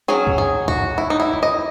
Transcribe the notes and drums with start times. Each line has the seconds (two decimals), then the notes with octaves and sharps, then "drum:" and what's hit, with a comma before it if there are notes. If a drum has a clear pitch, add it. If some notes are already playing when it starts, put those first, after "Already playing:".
0.08 F#3 C#4 G#4
0.27 drum: kick
0.38 G#4
0.68 F#4, drum: kick
0.98 E4
1.10 D#4
1.20 E4
1.33 drum: tom E2
1.43 D#5